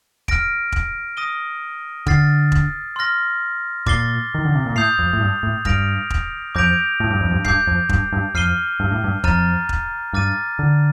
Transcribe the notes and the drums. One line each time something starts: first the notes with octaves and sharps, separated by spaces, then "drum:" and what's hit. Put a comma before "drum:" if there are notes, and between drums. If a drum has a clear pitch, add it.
F6 A#6 D7, drum: kick E1
drum: kick E1
D#6 A#6 D#7 G7
D3 F6 A6 C7, drum: kick E1
drum: kick E1
C6 F6 A#6
A#2 D6 A6 C7 G7, drum: kick E1
D#3
D3
C3
A#2
A2 D#6 G6 C7 F7
F2
A2
G2
A2
G2 F6 A#6 D7 F7, drum: kick E1
drum: kick E1
F2 D6 G6 A#6 D7 F7
A2
G2
F2
G2
G2 D6 G6 C7, drum: kick E1
F2
G2, drum: kick E1
G2
F2 F6 C7 D#7 G7
G2
A2
G2
F2 A#5 F6 A6 D#7, drum: kick E1
drum: kick E1
G2 D6 F6 A6 D#7
D3